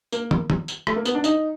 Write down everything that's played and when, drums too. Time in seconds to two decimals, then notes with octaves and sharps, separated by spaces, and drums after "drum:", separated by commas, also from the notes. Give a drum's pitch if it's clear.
0.12 A#3, drum: tambourine
0.31 drum: tom
0.50 drum: tom
0.68 drum: tambourine
0.87 A3, drum: rim click
0.96 A#3
1.05 B3, drum: tambourine
1.15 D4
1.24 D#4, drum: tambourine